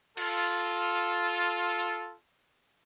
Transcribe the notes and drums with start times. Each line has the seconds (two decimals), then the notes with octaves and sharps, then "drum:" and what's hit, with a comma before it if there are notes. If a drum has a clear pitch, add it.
0.17 F4 A4, drum: cymbal
1.79 drum: tambourine